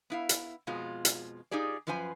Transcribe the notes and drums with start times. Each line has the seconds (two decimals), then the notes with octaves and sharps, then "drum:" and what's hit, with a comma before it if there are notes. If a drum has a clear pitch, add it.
0.10 B3 E4 F5
0.29 drum: hi-hat
0.67 F2 B2 F3 G#3 F4
1.05 drum: hi-hat
1.51 D#4 F4 G4 G#4 D5
1.87 F#2 F3 B4 C5 G#5